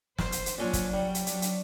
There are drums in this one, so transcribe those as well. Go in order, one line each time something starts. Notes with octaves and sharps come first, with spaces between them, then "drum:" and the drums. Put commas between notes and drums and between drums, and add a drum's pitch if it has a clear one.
C5, drum: snare
drum: hi-hat
drum: hi-hat
A#2 F#3 C#4 D4
drum: kick, hi-hat
G3
drum: hi-hat
F#3 D4, drum: hi-hat
drum: hi-hat